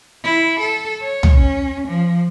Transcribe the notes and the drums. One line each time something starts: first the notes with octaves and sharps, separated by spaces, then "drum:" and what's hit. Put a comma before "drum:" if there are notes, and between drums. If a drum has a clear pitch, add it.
E4
A4
C#5
drum: tom
C#4
F3